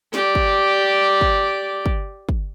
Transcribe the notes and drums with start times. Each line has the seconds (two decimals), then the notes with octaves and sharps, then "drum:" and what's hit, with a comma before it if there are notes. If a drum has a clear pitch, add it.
0.14 G4 D5, drum: snare
0.35 drum: kick
1.21 drum: kick
1.86 drum: kick
2.29 drum: kick